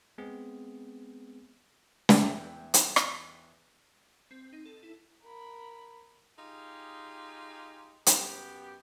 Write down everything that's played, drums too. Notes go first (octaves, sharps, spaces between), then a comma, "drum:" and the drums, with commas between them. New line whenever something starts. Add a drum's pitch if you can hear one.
G#3 B3 C4 G#4
drum: snare
E2 E5 G5
drum: hi-hat
drum: rim click
C4
D#4
A4
E4
A#4 B5
D#4 F4 G4 G#4
F#2 B3 G4, drum: hi-hat